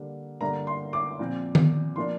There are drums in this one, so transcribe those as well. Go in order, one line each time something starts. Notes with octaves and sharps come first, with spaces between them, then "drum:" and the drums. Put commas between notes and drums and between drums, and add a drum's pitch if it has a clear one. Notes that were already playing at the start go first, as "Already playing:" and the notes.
Already playing: D3 G3 A#3
G2 D3 A#3 A#5
C6
D6
A#2 F3 C4
drum: tom D#3
F3 A#3 D4 C6